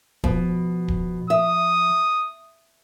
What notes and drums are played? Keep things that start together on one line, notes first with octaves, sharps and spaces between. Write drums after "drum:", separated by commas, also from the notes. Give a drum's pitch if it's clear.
B2 F3, drum: kick D1
drum: kick D1
E5 D#6